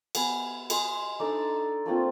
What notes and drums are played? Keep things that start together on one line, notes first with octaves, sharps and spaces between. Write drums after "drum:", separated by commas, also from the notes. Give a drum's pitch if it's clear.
B3 G#5, drum: cymbal
D#5 G#5 C6 D#6, drum: cymbal
D4 D#4 A4 D5
A3 A#3 C4 F4